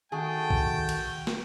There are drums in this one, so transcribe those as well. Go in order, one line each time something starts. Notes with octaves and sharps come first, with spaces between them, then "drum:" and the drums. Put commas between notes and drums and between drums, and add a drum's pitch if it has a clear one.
D#3 A3 F#4 G#4 G5 A5
drum: kick
drum: cymbal
drum: snare